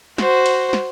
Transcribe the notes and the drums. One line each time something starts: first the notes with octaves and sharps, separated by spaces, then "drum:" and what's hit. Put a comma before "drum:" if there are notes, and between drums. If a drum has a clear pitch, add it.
F#4 C5, drum: snare
drum: cymbal
drum: snare